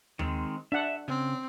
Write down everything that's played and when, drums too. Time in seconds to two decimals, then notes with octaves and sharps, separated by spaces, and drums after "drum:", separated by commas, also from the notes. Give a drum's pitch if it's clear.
0.19 D#3 G#3 C4, drum: tom D#2
0.72 D4 E5 F#5
1.08 C#3 C4